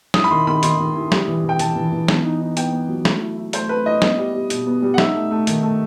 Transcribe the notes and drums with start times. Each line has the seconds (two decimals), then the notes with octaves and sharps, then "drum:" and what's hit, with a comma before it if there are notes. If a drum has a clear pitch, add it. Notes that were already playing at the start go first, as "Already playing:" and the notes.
0.14 E4 D#6, drum: snare
0.24 B5
0.30 D#3 C6
0.47 D#3 B5
0.63 D#3 C6, drum: hi-hat
0.79 D#3
0.96 E4
1.12 G3, drum: snare
1.28 E3
1.44 E3
1.49 G5
1.59 E3 A5, drum: hi-hat
1.76 E3
1.92 E3
2.08 B3, drum: snare
2.25 D#4
2.40 D#4
2.57 B3 G5, drum: hi-hat
2.73 B3
2.89 F#3
3.05 A3, drum: snare
3.21 E4
3.38 E4
3.53 A3 C5, drum: hi-hat
3.69 A3 B4
3.86 E4 D#5
4.02 B3, drum: snare
4.18 G3
4.34 G3
4.50 B2, drum: hi-hat
4.66 B3
4.82 G3
4.94 F#5
4.98 D#4 E5, drum: snare
5.14 A3
5.31 A3
5.47 D#3, drum: hi-hat
5.63 A3